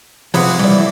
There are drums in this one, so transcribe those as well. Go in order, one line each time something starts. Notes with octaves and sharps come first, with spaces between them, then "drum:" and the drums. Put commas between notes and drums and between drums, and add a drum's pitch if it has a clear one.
C3 F3 G#4 B4 F#5, drum: open hi-hat
E3 G3 D5
F#3 A3 E4